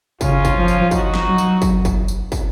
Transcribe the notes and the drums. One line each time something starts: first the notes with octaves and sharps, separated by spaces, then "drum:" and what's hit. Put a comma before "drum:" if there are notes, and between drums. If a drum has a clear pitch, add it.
C#3 C#4 F4, drum: kick, tambourine
drum: kick, tambourine
F3
drum: tambourine
D#4 F#4, drum: kick, tambourine
drum: snare
F#3
drum: tambourine
drum: kick, tambourine
drum: kick, tambourine
drum: tambourine
drum: kick, tambourine